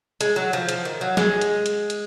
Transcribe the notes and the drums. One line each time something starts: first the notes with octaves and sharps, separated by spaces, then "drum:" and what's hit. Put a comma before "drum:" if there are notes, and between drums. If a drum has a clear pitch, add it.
G#3, drum: hi-hat
F#3
F3
F3, drum: hi-hat
D#3
F#3
G#3, drum: snare
drum: hi-hat
drum: hi-hat
drum: hi-hat